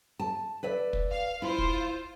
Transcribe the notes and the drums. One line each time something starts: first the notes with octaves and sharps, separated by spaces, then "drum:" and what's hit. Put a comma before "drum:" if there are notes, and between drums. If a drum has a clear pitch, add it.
A5
B4 D5 E5
drum: kick
F5
E4 F4 C5
drum: kick